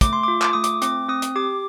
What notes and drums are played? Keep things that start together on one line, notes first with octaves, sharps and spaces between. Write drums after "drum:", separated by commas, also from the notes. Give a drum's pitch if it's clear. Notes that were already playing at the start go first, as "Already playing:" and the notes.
A3 D6, drum: kick, hi-hat
C6
F4 D6
D6, drum: clap
A3 D#6
D6, drum: hi-hat
C4 D6, drum: hi-hat
C4 D#6
drum: hi-hat
G4 D6